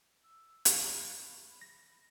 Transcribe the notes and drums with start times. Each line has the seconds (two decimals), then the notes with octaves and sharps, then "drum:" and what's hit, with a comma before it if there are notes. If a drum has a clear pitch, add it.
0.24 E6
0.65 B5, drum: hi-hat
1.61 A#6